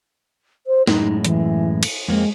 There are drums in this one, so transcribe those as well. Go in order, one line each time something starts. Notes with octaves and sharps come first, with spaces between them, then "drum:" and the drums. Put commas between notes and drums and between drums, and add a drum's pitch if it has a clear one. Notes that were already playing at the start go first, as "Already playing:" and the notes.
C5
F#2 A2 G#3 D#4, drum: snare
E3, drum: hi-hat
drum: cymbal
F2 G#3 A#3 C4